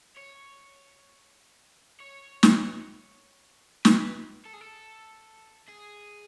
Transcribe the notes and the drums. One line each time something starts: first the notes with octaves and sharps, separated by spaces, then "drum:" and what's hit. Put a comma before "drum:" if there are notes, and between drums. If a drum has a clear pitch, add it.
C#5
C#5
drum: snare
B4, drum: snare
A4
G#4
A4
G#4